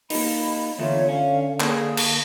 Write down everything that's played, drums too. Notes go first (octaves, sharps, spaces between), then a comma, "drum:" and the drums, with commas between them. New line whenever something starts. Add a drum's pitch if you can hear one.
A#3 D#4 B5, drum: open hi-hat
E2 D3 A3 F4 C#5 E5
C#4 F5
A#3 G#4 D#6, drum: clap
drum: cymbal